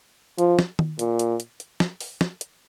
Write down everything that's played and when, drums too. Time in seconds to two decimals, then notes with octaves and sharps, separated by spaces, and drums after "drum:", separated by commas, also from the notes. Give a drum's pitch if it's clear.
0.38 F3, drum: hi-hat
0.59 drum: snare
0.79 drum: tom
0.99 A#2, drum: hi-hat
1.19 drum: hi-hat
1.40 drum: hi-hat
1.60 drum: hi-hat
1.80 drum: snare
2.01 drum: open hi-hat
2.21 drum: snare
2.41 drum: hi-hat